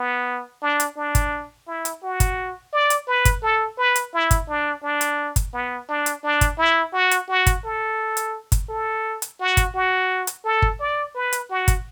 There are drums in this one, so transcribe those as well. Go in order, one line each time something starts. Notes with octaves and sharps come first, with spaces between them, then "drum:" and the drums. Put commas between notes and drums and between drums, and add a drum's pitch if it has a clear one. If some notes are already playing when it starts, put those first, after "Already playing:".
Already playing: B3
D4
drum: hi-hat
D4
drum: kick G1, hi-hat
E4
drum: hi-hat
F#4
drum: kick G1, hi-hat
D5
drum: hi-hat
B4
drum: kick G1, hi-hat
A4
B4
drum: hi-hat
E4
drum: kick G1, hi-hat
D4
D4
drum: hi-hat
drum: kick G1, hi-hat
B3
D4
drum: hi-hat
D4
drum: kick G1, hi-hat
E4
F#4
drum: hi-hat
F#4
drum: kick G1, hi-hat
A4
drum: hi-hat
drum: kick G1, hi-hat
A4
drum: hi-hat
F#4
drum: kick G1, hi-hat
F#4
drum: hi-hat
A4
drum: kick G1
D5
B4
drum: hi-hat
F#4
drum: kick G1, hi-hat